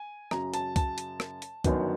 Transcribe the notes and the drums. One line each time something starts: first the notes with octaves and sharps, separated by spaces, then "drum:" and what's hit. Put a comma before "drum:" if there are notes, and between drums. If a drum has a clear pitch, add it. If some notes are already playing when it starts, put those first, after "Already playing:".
Already playing: G#5
F#2 C#3 F#3 A#5, drum: rim click
A5, drum: hi-hat
A5, drum: kick, hi-hat
drum: hi-hat
drum: rim click
drum: hi-hat
G1 F#2 D#3 F#3 B3, drum: kick, hi-hat